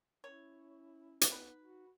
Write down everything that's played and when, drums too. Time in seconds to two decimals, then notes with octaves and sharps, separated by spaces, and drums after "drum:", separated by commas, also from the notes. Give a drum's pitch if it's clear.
0.24 C#4 E4 C#5
1.21 drum: hi-hat
1.32 B3 D#4 B4
1.59 F#4